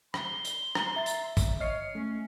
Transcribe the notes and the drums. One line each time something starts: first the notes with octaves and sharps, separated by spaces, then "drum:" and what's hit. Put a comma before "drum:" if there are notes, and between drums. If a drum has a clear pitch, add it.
C6, drum: rim click
drum: hi-hat
drum: rim click
E5 A#5 A6
drum: hi-hat
drum: kick, hi-hat
C#5 D#5 F6 C7
A3 C#4